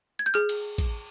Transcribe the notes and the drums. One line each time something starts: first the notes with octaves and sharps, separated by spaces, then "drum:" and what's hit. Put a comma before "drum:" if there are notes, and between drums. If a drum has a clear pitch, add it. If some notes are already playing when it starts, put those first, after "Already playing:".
G#6
G6
G#4 F6
drum: cymbal
drum: kick, cymbal